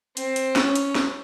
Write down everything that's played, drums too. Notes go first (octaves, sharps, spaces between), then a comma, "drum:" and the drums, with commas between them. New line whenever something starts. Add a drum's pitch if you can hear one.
C4, drum: hi-hat
drum: hi-hat
C#4, drum: snare
drum: hi-hat
drum: snare